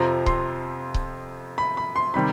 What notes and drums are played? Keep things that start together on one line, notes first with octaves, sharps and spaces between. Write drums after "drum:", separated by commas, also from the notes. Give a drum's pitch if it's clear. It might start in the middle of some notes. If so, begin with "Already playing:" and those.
Already playing: F2 C3 F3 A#5
C6, drum: kick C#1
drum: kick C#1
B5
B5
C6
C3 D#3 G3 B5